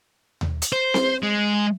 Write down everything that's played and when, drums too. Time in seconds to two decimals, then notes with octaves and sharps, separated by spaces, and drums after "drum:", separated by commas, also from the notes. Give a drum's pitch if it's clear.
0.41 drum: tom D#2
0.62 drum: hi-hat
0.73 C5
0.94 drum: snare C4
1.23 G#3